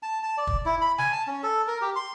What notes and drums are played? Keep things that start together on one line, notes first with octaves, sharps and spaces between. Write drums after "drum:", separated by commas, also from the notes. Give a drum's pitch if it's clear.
A5
A5
D5
drum: kick
E4
B5
G#5, drum: snare
A5
C#4
A4
A#4
G4
C6